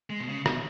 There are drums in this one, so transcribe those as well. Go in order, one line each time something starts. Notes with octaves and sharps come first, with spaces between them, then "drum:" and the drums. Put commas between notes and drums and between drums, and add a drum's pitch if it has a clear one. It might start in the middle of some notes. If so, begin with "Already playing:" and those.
G#3
B2
C#3
B2, drum: rim click